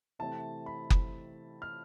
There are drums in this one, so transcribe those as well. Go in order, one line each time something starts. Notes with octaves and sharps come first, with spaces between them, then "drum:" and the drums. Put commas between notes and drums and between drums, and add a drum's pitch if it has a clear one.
C3 E3 A3 C4 A5
B5
drum: kick F#1
F6